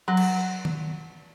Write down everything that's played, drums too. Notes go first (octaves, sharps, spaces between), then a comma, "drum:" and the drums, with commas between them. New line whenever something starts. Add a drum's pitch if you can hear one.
F#3
drum: cymbal
drum: tom D#3